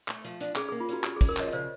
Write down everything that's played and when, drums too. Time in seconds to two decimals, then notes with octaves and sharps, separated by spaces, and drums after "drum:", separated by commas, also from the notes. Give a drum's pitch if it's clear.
0.08 A3, drum: clap
0.24 F3, drum: hi-hat
0.41 D4, drum: hi-hat
0.56 C#4 G#4, drum: clap
0.69 A#3 G#4
0.80 F4
0.89 C#4 F#4, drum: hi-hat
1.04 C#4 G4, drum: clap
1.17 G#4
1.21 C#4, drum: kick, open hi-hat
1.29 A#4
1.37 F3 C#5 D#5, drum: clap
1.48 D#5
1.52 C#3 C5 D5, drum: hi-hat